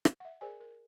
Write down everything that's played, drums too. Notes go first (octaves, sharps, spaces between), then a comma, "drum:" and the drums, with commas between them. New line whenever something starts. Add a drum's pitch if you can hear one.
drum: rim click
E5 F#5
G#4 A#4 C5 D5 G#5
A#4